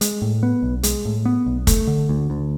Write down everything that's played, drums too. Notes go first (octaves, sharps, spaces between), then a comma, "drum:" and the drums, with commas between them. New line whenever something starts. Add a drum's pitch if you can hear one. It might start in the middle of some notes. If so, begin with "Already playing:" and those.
G#3, drum: hi-hat
A2
B3
B1
G#3, drum: hi-hat
A2
B3
B1
A3, drum: kick, hi-hat
D3
D2
D2